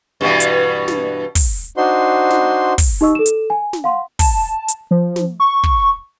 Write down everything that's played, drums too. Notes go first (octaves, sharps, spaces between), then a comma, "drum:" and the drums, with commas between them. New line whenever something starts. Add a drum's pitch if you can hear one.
G2 B2 E3
drum: hi-hat
drum: snare
drum: kick, open hi-hat
D4 D#4 F#4 C5 C6
drum: snare
drum: kick, open hi-hat
D#4 G4 D#5 C#6 E6
A4 E7
drum: hi-hat
G#5
drum: snare
F5 F#5 C6
A5, drum: kick, open hi-hat
drum: hi-hat
F3
drum: snare
C#6
drum: kick